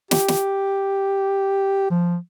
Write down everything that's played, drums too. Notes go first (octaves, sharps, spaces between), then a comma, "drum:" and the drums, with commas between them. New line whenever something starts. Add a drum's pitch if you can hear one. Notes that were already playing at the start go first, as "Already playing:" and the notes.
G4, drum: snare
drum: snare
F3